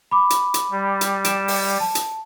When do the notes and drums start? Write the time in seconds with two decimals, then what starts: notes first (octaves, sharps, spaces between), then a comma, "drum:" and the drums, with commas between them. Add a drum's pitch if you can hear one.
0.11 B5 D6
0.30 drum: hi-hat
0.54 drum: hi-hat
0.71 G3
1.01 drum: hi-hat
1.24 D7 E7, drum: hi-hat
1.48 drum: open hi-hat
1.80 A5
1.95 drum: hi-hat